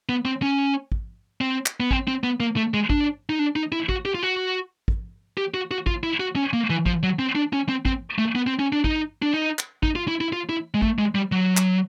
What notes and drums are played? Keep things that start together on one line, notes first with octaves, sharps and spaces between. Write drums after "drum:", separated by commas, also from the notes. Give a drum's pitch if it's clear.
B3
C4
C#4
drum: kick
C4
drum: clap
B3
C4, drum: kick
C4
B3
A#3
A3
G#3
D4, drum: kick
D#4
D4
D#4
E4
F#4, drum: kick
G4
F4
F#4
drum: kick
G4
F#4
F#4
F4, drum: kick
E4
F#4
C#4
A#3
E3
F3, drum: kick
F#3
C4
D4
C#4
C4
C4, drum: kick
A3
B3
C4
C#4
D4
D#4, drum: kick
D4
D#4
drum: clap
D#4, drum: kick
F4
E4
E4
F4
E4
G#3
A3, drum: kick
G#3
G3
F#3
drum: clap